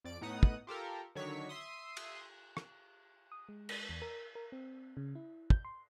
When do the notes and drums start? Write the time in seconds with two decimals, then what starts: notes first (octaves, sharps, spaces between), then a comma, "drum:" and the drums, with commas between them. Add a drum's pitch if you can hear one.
0.04 F2 D5 D7
0.21 A2 B3 D#4 F#5 D#6
0.43 drum: kick
0.67 F4 G4 A4 A#4
1.15 D3 D#3 F#3 C#5 C#6 B6
1.49 E5 C6 D#6
1.97 drum: cymbal
2.57 drum: rim click
3.32 D#6
3.49 G#3
3.69 drum: cymbal
3.89 E2
4.02 A#4
4.35 A#4
4.52 C4
4.97 C#3
5.15 E4
5.50 G6, drum: kick
5.65 C6